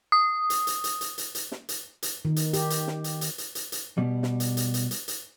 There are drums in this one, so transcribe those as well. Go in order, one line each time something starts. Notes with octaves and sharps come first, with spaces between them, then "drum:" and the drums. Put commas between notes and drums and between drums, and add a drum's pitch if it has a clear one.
D#6
drum: hi-hat
drum: hi-hat
drum: hi-hat
drum: hi-hat
drum: hi-hat
drum: hi-hat
drum: snare
drum: hi-hat
drum: hi-hat
D#3
drum: hi-hat
G4, drum: hi-hat
drum: hi-hat
drum: snare
drum: hi-hat
drum: hi-hat
drum: hi-hat
drum: hi-hat
drum: hi-hat
B2 G3
drum: snare
drum: hi-hat
drum: hi-hat
drum: hi-hat
drum: hi-hat
drum: hi-hat